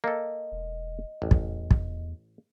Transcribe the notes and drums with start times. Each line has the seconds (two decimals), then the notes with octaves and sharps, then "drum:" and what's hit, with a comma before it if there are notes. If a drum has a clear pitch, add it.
0.04 A#3 A4 D#5
0.52 E1
1.22 A1 E2
1.31 drum: kick
1.71 drum: kick